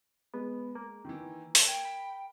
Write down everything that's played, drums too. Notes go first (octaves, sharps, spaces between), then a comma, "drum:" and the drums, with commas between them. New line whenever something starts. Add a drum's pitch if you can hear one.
G#3 B3
A#3
D#3 E3
A#4, drum: open hi-hat
G5 G#6
B5